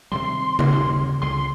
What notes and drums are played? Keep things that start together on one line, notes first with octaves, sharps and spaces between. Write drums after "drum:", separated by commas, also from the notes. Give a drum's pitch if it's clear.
C3 D#3 G3 C6
drum: tom C#3
G1 D#2
C#2 D3 G#3 C6